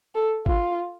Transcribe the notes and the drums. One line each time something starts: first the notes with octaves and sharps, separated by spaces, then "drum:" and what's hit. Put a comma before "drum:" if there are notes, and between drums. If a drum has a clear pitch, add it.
A4
F4, drum: kick G#1